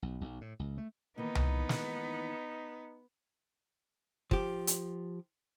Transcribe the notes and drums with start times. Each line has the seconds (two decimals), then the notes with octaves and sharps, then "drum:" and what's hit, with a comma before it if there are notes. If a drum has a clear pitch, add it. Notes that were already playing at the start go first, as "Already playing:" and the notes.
0.02 B1
0.21 B1
0.41 A2
0.59 C#2
0.78 A3
1.18 D#3 E3 A#3 B3 D#4
1.35 drum: tom C2
1.69 drum: snare
4.31 F3 G4, drum: kick
4.67 drum: hi-hat